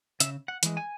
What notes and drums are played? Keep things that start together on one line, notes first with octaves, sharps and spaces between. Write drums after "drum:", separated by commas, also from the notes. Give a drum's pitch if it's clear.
C#3 E5, drum: hi-hat
F#5
E3 G#3, drum: hi-hat
G#5